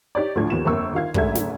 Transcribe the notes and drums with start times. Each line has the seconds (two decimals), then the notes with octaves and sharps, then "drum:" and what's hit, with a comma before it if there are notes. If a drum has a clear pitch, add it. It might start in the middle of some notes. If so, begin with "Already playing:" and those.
0.15 D#4 G4 C#5 D5
0.35 D2 A2 F3 D4 G#6
0.50 D#2 D#3 F3 B3 E7
0.65 G1 F2 A#3 C#6 E6
0.93 D#3 F4 F5 G#6
1.14 F#1 D2 G#2 A3 E5 G#6, drum: kick
1.35 drum: snare